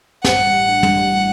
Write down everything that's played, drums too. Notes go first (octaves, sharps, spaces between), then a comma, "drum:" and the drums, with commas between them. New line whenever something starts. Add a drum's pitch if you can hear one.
A1 F#5, drum: snare
G3
A2
D4
A1, drum: tom
G3
A2